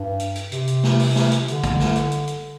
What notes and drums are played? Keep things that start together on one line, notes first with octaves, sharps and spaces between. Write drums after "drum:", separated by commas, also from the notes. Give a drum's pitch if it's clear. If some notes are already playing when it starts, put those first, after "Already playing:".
Already playing: G2
drum: hi-hat
drum: hi-hat
C3, drum: hi-hat
drum: hi-hat
drum: snare
drum: open hi-hat
drum: snare
drum: hi-hat
D3, drum: hi-hat
drum: kick A1, hi-hat
drum: snare
drum: hi-hat
drum: hi-hat
drum: hi-hat